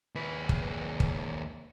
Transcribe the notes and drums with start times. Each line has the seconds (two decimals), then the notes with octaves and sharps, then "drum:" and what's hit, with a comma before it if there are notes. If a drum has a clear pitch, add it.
0.15 D#2 B4
0.49 drum: kick
1.00 drum: kick